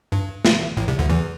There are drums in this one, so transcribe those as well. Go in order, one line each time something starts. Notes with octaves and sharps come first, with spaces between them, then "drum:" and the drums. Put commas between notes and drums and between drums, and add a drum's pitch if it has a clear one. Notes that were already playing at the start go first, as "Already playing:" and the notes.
G2
drum: snare
A1 A2
C2 C3
D2 D3
E2 E3